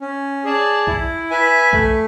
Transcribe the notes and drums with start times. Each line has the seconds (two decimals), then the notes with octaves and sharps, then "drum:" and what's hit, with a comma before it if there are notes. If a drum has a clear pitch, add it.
0.01 C#4
0.44 G#4 D5 A5
0.87 E4, drum: kick B1
1.30 B4 E5 G#5
1.73 A3, drum: kick B1